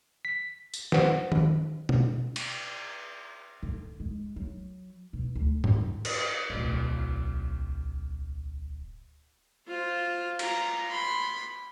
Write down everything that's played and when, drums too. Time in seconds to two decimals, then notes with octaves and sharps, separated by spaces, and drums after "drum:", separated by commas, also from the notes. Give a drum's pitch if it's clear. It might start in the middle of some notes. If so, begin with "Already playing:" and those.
0.25 B6
0.74 drum: tambourine
0.92 B4 C5 F#5, drum: snare
1.32 drum: tom D#3
1.89 drum: tom B2
2.36 drum: cymbal
3.63 D3
4.00 G#3
4.36 F#3
5.13 B2
5.35 D2
5.64 D#3, drum: tom
6.05 drum: cymbal
6.50 D1 B1
9.68 F4 C5
10.39 F4 A#5, drum: cymbal
10.89 B5 C6